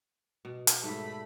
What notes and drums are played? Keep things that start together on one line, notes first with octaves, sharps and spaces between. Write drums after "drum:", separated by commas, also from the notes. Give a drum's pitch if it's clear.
B2
drum: hi-hat
G#2 G3 A3 B5